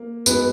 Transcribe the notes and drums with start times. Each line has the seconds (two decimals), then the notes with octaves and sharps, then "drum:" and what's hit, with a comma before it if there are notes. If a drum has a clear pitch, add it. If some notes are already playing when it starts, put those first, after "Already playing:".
Already playing: A#3
0.26 G#2 F#3 B3 B4, drum: tambourine